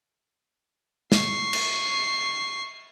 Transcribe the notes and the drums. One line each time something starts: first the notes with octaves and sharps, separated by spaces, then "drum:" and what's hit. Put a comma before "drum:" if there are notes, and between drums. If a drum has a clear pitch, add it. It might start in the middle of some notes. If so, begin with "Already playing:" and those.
C#6 C7, drum: snare
drum: cymbal